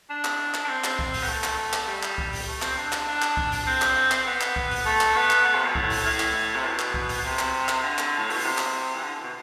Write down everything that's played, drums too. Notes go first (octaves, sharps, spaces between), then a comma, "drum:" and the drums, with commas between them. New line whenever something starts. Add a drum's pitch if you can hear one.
D4
drum: clap
drum: clap
D4
C4
drum: clap
drum: kick C2
drum: open hi-hat
B3
A3
drum: clap
drum: clap
G3
drum: clap
drum: kick C2
drum: open hi-hat
A3
C4, drum: clap
D4
drum: clap
D4
drum: clap
drum: kick C2
drum: open hi-hat
C4
drum: clap
drum: clap
B3
drum: clap
drum: kick C2
drum: open hi-hat
A3
drum: clap
B3
drum: clap
A3
C3
B2
A2, drum: kick C2
drum: open hi-hat
A2
drum: clap
C3
B2
drum: clap
drum: kick C2
drum: open hi-hat
C3
drum: clap
drum: clap
D3
drum: clap
A2
B2, drum: open hi-hat
C3
drum: clap
E3
D3
B2